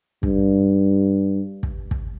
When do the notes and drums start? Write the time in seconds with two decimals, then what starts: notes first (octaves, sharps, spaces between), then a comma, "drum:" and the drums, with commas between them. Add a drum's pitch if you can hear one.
0.23 G2, drum: kick
1.63 drum: kick
1.91 drum: kick